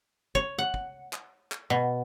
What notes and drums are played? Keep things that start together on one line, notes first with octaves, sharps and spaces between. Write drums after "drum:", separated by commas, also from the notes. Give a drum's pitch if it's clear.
C#5, drum: kick
F#5
drum: kick
drum: clap
drum: clap
B2